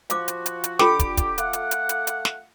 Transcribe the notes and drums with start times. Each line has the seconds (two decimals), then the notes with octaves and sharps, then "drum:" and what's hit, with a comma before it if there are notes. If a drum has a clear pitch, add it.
0.10 F3 F#4 F5 D6, drum: hi-hat
0.28 drum: hi-hat
0.46 drum: hi-hat
0.64 drum: hi-hat
0.79 D3 F4 G4 A4 G5 D6, drum: snare
0.99 drum: kick, hi-hat
1.17 drum: kick, hi-hat
1.38 A3 F5 F#5, drum: hi-hat
1.53 drum: hi-hat
1.71 drum: hi-hat
1.89 drum: hi-hat
2.07 drum: hi-hat
2.25 drum: snare